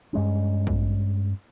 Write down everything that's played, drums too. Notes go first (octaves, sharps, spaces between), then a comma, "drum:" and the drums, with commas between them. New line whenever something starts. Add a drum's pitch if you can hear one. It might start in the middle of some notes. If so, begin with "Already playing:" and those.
G2 G#3 C#4
drum: kick